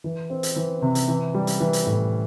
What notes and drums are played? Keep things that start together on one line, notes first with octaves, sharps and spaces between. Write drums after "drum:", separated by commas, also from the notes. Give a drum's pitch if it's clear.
E3
C4
drum: hi-hat
E3
C3
drum: hi-hat
E3
G3
drum: hi-hat
E3
drum: hi-hat
A2